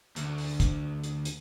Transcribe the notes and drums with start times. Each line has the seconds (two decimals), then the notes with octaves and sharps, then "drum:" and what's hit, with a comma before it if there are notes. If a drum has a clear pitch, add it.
0.16 D2, drum: hi-hat
0.38 drum: open hi-hat
0.60 drum: kick, hi-hat
1.04 drum: hi-hat
1.25 drum: hi-hat